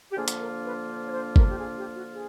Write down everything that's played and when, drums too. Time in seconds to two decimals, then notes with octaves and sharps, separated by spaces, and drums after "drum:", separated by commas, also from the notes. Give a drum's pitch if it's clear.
0.12 G4
0.16 D3 F3 A#3 D4 F4 G#4
0.28 drum: hi-hat
0.40 A#4
0.64 B4
0.87 C5
1.06 C#5
1.11 C5
1.36 A#4, drum: kick G1
1.48 G4
1.59 G#4
1.78 G4
1.96 F#4
2.13 G#4